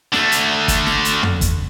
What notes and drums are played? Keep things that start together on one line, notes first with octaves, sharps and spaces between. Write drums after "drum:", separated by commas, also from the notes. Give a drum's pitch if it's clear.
D3 A3, drum: snare
drum: hi-hat
drum: kick, hi-hat
drum: snare
drum: hi-hat
drum: tom
drum: kick, hi-hat